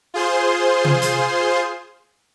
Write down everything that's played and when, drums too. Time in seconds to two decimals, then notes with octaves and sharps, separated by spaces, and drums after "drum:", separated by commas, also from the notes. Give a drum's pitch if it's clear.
0.14 F4 G#4 C5 C6
0.85 drum: tom
1.02 drum: hi-hat